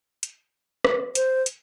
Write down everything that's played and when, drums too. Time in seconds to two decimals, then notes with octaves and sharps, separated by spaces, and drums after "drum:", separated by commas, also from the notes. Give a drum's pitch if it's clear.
0.23 drum: hi-hat
0.85 drum: rim click
1.15 C5, drum: hi-hat
1.46 drum: hi-hat